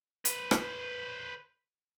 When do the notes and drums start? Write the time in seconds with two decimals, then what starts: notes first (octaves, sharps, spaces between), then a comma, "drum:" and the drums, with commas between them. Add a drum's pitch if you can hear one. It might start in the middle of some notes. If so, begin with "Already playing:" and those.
0.25 B4 C5, drum: hi-hat
0.51 drum: rim click